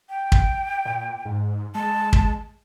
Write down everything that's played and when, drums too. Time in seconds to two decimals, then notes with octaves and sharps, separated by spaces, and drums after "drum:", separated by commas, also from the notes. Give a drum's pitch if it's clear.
0.09 G5
0.32 drum: kick
0.85 A#2
1.25 G#2
1.75 G#3 A5
2.13 drum: kick